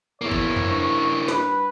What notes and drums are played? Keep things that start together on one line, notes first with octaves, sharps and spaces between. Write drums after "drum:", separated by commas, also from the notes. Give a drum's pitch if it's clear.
E2 A#3 E4 C#5
drum: kick
drum: tom F2
G2 C#6
B4, drum: snare